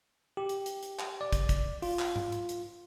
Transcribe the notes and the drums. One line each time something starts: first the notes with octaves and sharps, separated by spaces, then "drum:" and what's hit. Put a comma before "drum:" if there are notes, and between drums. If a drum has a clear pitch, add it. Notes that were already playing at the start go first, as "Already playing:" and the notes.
G4
drum: hi-hat
drum: hi-hat
drum: hi-hat
drum: clap
D5
drum: kick, hi-hat
drum: kick, hi-hat
F4, drum: open hi-hat
drum: clap
drum: tom G#2
drum: hi-hat
drum: hi-hat